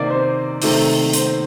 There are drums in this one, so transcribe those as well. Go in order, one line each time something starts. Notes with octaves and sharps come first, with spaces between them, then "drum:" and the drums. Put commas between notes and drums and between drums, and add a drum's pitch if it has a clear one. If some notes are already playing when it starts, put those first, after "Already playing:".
Already playing: C3 D#3 A#3 D5 D#5
C5
C3 D#3 A3, drum: open hi-hat
C5, drum: hi-hat